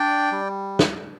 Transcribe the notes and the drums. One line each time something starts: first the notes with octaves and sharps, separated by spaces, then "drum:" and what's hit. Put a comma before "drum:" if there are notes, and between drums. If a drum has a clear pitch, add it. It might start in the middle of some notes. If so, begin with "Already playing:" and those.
Already playing: D4 D5 G5
G3
drum: snare